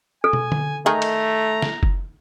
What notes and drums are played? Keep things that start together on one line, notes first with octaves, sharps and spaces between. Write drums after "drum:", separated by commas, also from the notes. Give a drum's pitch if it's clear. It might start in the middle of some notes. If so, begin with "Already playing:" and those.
A4 G#5
drum: tom
drum: tom D3
D#3 A3 D#4 G#4 A#5
drum: cymbal
drum: snare
drum: kick F#1